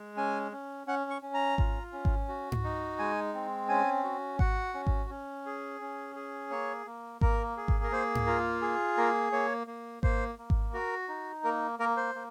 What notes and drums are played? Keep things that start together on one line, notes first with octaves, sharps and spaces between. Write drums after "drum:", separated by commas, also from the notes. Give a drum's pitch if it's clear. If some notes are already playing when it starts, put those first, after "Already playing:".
Already playing: G#3
C#4 G#5
C#4
C#4 F#5
C#6
C#4
A#5
F4, drum: kick G#1
C#4
drum: kick G#1
F#4
drum: tom G#2
D#4
G#3 G#5
C4
C#4 G#5
F#4
F#4 F#5, drum: kick G#1
C#4
drum: kick G#1
C#4
G#4
C#4
G#4
A#3 C#5
A#3
A#3 A#4, drum: kick G#1
G#4
drum: kick G#1
A#4
A#3 C5
drum: tom G#2
F4 A#4
G#4
A#3 A#4
A#3 C#5
A#3
A#3 C5, drum: kick G#1
A#3
drum: kick G#1
F#4 A#4
D#4
A#3 A#4
A#3 A#4
C5
A#3